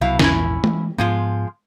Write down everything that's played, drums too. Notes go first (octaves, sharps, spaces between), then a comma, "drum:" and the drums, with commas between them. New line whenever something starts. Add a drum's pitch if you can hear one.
C2 B2 F#3 E4 F5
A#1 E2 G#2 C#4 E4, drum: snare
E3, drum: tom G#3
G#2 F3 G#3 B3 F4